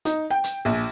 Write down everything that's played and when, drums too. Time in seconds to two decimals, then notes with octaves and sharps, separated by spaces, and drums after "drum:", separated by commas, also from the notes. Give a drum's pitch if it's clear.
0.05 D#4, drum: hi-hat
0.30 G5
0.44 drum: hi-hat
0.65 A#1, drum: open hi-hat